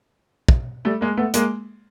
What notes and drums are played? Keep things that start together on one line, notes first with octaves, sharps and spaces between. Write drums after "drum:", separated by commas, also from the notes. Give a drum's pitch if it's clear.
drum: kick
G3 A3
G#3 A#3
A3 B3
G#3 A#3, drum: hi-hat